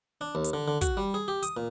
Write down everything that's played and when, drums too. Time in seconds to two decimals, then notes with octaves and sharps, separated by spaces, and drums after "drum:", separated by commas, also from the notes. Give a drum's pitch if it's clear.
0.21 D4
0.35 D#2
0.44 drum: hi-hat
0.53 D3
0.68 D3
0.81 F#4, drum: kick, hi-hat
0.97 G3
1.14 G#4
1.28 G4
1.43 D#6, drum: hi-hat
1.57 A#2